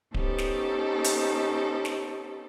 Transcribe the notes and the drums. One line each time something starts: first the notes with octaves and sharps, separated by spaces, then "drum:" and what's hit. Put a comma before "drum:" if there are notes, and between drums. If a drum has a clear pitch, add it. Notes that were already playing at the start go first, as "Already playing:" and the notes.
B3 C#4 D#4 G4 A4 C5, drum: kick D1
drum: snare
drum: hi-hat
drum: snare